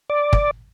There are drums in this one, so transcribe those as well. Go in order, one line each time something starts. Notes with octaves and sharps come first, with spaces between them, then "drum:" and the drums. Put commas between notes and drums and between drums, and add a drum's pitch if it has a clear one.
D5
drum: kick